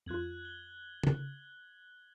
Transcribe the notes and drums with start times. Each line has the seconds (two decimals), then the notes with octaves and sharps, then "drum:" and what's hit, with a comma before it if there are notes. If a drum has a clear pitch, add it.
0.06 F2 F4 F#6 G#6 F#7
0.45 G7
1.03 drum: tom